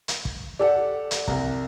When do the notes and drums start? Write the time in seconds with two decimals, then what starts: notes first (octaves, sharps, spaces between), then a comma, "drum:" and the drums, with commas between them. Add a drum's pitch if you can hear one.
0.08 drum: hi-hat
0.25 drum: kick
0.59 G4 A4 D5 F#5
1.11 drum: hi-hat
1.28 C2 A#5, drum: kick